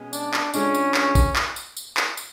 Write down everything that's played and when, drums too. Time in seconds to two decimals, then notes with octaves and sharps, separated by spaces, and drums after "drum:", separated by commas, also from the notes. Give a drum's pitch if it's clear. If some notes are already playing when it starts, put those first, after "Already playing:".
Already playing: B2 G#3 C#4
0.13 D4, drum: tambourine
0.34 drum: clap
0.54 C#3 G#3 C#4 D4 F4 A4, drum: tambourine
0.74 drum: tambourine
0.94 C#4, drum: clap
1.15 drum: kick A1, tambourine
1.36 drum: clap
1.56 drum: tambourine
1.77 drum: tambourine
1.97 drum: clap
2.17 drum: tambourine